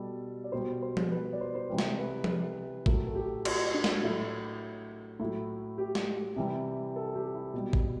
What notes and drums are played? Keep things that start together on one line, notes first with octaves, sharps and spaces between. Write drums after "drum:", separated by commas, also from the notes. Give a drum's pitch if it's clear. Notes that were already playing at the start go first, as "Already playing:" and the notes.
Already playing: B2 G3 A4
D5
B2 G3 C5
C5
drum: tom F3
B4
B4
D5
C5
C5
C3 E3 G3 B4
drum: snare
B4
drum: tom F3
A2 F#3 A4, drum: kick
A4
G4
F#4, drum: cymbal
D4
drum: snare
A2 F#3 E4
A2 F#3 E4
G4
drum: snare
C3 E3 G3
A4
G4
E4
B2 G3
drum: kick